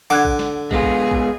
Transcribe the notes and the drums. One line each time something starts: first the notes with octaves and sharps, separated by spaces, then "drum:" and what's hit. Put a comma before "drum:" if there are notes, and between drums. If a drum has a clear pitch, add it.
D3 F#5 D6 F#6 G#6
drum: kick
drum: snare
G#3 B3 F4 G#4, drum: kick
drum: kick
drum: kick